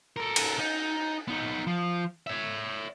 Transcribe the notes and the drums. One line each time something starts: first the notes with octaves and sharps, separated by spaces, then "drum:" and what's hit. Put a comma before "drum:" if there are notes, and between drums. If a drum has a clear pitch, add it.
A4 A#4
drum: cymbal
D#4
B3 D#4
F3
C#5 E5